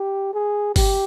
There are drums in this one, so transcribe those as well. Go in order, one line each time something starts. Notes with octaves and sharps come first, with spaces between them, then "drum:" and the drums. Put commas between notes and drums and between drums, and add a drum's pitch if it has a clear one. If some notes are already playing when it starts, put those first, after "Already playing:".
Already playing: G4
G#4
G4, drum: kick G1, open hi-hat